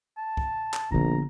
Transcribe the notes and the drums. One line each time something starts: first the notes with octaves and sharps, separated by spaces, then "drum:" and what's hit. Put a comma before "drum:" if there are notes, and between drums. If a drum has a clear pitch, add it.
A5
drum: kick C2
drum: clap
A#1 D3 B3 A#5